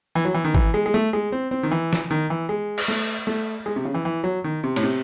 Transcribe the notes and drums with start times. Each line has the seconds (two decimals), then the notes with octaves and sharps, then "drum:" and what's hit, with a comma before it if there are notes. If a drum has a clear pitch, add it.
0.15 E3
0.25 F#3
0.34 E3
0.44 D#3
0.54 E3, drum: kick G#1
0.74 G#3
0.86 G#3
0.94 A3
1.13 G#3
1.32 C4
1.51 C4
1.63 D#3
1.71 E3
1.93 drum: snare
2.11 D#3
2.30 E3
2.49 G#3
2.78 drum: cymbal
2.88 A3
3.27 A3
3.66 G#3
3.76 C3
3.85 C#3
3.94 E3
4.05 E3
4.24 F#3
4.44 D#3
4.64 C3
4.76 A2, drum: cymbal
4.83 C3